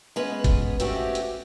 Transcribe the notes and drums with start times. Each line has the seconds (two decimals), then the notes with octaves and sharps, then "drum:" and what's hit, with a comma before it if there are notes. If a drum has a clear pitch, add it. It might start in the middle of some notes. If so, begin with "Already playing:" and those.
0.16 G#3 B3 C#4 B4
0.44 drum: kick, hi-hat
0.80 A3 C4 C#4 F#4 G4, drum: hi-hat
1.15 drum: hi-hat